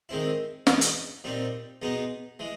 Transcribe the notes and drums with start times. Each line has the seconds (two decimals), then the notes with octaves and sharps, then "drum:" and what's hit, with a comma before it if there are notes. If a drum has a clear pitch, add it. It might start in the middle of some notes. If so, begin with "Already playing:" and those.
0.09 D#3 G#3 C4 E4
0.67 E2 B2 G#3 B3 D#4, drum: snare
0.81 drum: hi-hat
1.24 A#2 G3 C4 D#4
1.82 B2 G#3 B3 D#4
2.39 E3 G#3